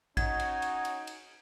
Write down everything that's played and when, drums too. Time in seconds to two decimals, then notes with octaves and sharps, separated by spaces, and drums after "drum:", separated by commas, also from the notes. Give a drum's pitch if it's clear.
0.17 C#4 D#4 F#4 G#6, drum: kick, cymbal
0.40 drum: cymbal
0.62 drum: cymbal
0.85 drum: cymbal
1.07 drum: cymbal